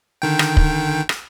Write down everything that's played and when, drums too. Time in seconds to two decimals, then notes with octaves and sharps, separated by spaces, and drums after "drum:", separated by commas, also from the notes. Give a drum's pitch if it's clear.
0.22 D3 D#3 G5
0.39 drum: rim click
0.57 drum: kick
1.09 drum: rim click